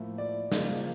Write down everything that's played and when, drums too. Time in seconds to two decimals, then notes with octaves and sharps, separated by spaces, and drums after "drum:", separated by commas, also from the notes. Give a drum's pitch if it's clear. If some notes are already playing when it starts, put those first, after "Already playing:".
Already playing: A2 F3 A#3
0.18 D5
0.52 C#3 F3 A#3, drum: snare